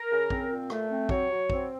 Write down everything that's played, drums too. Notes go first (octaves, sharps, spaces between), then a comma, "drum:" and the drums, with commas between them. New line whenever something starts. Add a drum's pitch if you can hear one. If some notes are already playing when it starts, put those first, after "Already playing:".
Already playing: A#4
C#3
C4, drum: kick
A#2
A3, drum: rim click
C4
F#3 C#5, drum: kick
F#3
C4, drum: kick